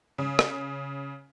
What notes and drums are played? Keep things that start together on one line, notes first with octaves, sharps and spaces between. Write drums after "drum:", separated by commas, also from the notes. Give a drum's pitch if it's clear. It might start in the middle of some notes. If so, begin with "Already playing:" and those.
C#3
drum: rim click